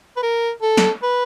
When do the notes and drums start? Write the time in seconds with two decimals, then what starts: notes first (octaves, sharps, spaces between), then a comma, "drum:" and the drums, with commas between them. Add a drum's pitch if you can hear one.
0.17 B4
0.23 A#4
0.62 A4
0.77 drum: snare
1.02 B4